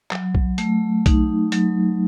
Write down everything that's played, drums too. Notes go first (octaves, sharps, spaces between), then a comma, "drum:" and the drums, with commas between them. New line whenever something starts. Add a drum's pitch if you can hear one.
F#3, drum: clap
drum: kick B1
A3, drum: hi-hat
D#4, drum: kick B1, hi-hat
F#3, drum: hi-hat